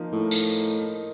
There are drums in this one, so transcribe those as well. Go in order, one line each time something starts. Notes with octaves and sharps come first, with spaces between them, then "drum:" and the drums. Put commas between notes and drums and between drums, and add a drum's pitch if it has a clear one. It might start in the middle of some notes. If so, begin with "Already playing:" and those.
Already playing: F3 A#3 D#4
A2
drum: tambourine